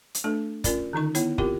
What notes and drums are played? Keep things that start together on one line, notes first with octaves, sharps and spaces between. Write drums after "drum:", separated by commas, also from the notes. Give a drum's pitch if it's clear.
drum: hi-hat
A3 D4 A4
C#4 F4 A#4 D5, drum: kick, hi-hat
D3 D#3 D#4 C#6
B3 E4 C#5, drum: hi-hat
C4 F4 G4 A#4, drum: kick